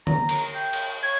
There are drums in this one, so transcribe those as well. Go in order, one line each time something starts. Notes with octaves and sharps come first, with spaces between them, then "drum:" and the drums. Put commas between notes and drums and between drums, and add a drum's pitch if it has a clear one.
A#5, drum: tom D3
drum: cymbal
G5
drum: cymbal
C#5 G#6